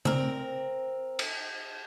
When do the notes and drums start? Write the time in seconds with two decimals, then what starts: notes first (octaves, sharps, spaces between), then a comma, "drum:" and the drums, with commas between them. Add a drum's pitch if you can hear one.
0.05 C4 A#4, drum: tom C#3
1.19 drum: cymbal